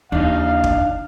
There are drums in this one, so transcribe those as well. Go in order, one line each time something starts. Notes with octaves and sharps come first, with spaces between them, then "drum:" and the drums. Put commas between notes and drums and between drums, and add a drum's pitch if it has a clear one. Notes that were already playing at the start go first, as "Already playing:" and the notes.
D#2 C#3 D4 D#4 F5
drum: kick